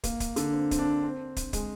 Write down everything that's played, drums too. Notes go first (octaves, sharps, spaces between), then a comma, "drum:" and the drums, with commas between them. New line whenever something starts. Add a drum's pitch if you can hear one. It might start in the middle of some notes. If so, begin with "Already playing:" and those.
A#3, drum: kick, hi-hat
drum: kick, hi-hat
D3, drum: hi-hat
C4
C4, drum: kick, hi-hat
D4
C4
drum: kick, hi-hat
G#3, drum: kick, hi-hat